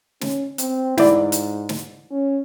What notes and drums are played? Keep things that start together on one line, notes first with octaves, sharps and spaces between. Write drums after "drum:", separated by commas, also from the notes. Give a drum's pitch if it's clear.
C#4, drum: snare
C4, drum: hi-hat
G#2 E4 D5, drum: snare
drum: hi-hat
drum: snare
C#4